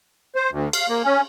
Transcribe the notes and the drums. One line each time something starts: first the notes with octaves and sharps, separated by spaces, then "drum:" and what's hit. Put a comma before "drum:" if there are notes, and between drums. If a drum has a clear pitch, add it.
C5
D2
F5, drum: cymbal
A#3
C#4